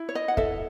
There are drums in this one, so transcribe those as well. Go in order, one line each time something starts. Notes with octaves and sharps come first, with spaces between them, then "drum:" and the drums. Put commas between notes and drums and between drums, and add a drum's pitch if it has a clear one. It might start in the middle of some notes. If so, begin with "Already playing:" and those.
Already playing: E4
C#5
D#5
F#5
A4 E5, drum: kick